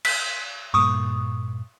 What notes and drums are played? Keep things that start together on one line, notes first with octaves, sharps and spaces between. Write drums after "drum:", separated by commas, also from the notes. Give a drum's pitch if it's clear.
B6, drum: cymbal
G2 A#2 C#6 D#6